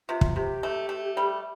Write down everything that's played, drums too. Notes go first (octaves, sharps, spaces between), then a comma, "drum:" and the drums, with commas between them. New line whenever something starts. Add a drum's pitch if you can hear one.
C3 F4
drum: kick
C3 G4
A3
A3
G3